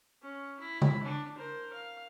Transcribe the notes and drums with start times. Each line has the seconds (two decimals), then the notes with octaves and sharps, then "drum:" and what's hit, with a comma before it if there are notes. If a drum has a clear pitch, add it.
0.22 C#4
0.60 E4 B5
0.82 drum: tom C#3
1.03 D4
1.36 A#4 C5
1.73 F5